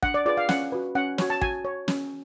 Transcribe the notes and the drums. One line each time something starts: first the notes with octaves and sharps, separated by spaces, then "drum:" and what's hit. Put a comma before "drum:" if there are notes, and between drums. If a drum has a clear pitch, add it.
D4 F#5, drum: kick
D5
F4 G#4 B4 D5
F5
C#4 F#5, drum: snare
F#4 B4
C#4 F#5
F#4 C#5, drum: snare
A5
F#4 G#5, drum: kick
C#5
C#4, drum: snare